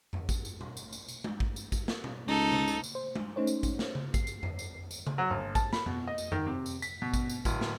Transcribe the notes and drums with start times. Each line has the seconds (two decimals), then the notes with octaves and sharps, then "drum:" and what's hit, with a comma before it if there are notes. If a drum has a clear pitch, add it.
0.13 drum: tom F2
0.29 drum: kick A1, tambourine
0.45 drum: tambourine
0.61 drum: tom B2
0.77 drum: tambourine
0.93 drum: tambourine
1.08 drum: tambourine
1.24 drum: tom G#3
1.40 drum: kick A1
1.56 drum: tambourine
1.72 drum: kick A1, tambourine
1.88 drum: snare
2.04 drum: tom B2
2.27 C#2 D#4 A4
2.52 drum: tom C#3
2.68 drum: tambourine
2.84 drum: tambourine
2.95 C5
3.15 drum: tom G#3
3.36 A3 C#4 D#4 C5 C#5
3.47 drum: tambourine
3.63 drum: kick A1, tambourine
3.79 drum: snare
3.95 drum: tom C#3
4.14 C7, drum: kick A1, tambourine
4.27 drum: tambourine
4.43 drum: tom F2
4.59 drum: tambourine
4.91 drum: tambourine
5.07 drum: tom C#3
5.18 F#3
5.30 G1
5.55 A5, drum: kick A1, tambourine
5.73 B5, drum: snare
5.86 B2, drum: tom F2
6.08 D#5
6.18 drum: tambourine
6.32 D#3, drum: tom F2
6.46 C3
6.66 drum: tambourine
6.82 B6, drum: tambourine
7.02 B2
7.14 drum: kick A1, tambourine
7.29 drum: tambourine
7.45 D1, drum: kick A1, tambourine
7.61 drum: snare